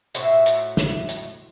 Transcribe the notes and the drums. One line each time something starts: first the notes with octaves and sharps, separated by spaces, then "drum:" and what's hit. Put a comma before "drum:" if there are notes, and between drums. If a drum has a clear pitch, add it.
A2 F#4 C5 E5, drum: hi-hat
drum: hi-hat
drum: snare
drum: hi-hat